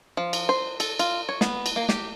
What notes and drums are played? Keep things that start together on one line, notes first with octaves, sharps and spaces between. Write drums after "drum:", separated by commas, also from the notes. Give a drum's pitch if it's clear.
F3
drum: cymbal
C5
A4, drum: cymbal
F4, drum: cymbal
C#5
B3, drum: snare
drum: cymbal
A#3
G4, drum: snare